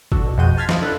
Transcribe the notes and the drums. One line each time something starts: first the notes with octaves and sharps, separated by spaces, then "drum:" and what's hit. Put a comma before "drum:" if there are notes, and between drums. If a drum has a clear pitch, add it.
D4 F#4 A4, drum: kick G#1
B2
F2 B2 G#3 F#4 G6 D#7
A5 C6 F6 G#6 A6 B6
E4 F4 C5 D#5 D#6, drum: snare
D4 A4 B4